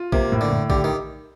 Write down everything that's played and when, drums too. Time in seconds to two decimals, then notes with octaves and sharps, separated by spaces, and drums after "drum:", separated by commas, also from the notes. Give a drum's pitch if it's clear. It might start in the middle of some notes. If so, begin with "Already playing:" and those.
Already playing: F4
0.13 C3 A#3, drum: kick A#1
0.32 A2
0.41 D3
0.52 A2
0.70 D3 G4, drum: kick A#1
0.84 D#3